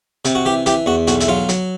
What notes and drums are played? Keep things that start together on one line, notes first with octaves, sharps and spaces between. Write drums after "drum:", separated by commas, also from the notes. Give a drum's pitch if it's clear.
C3, drum: hi-hat
F#4
E3 G4
E3 G4, drum: hi-hat
E2 F#4
B1 F#4, drum: hi-hat
E4, drum: hi-hat
F#3 F4
F#3, drum: hi-hat